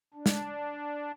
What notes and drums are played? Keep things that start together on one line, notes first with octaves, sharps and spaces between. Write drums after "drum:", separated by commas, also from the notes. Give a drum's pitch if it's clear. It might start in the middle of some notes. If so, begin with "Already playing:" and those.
D4
drum: snare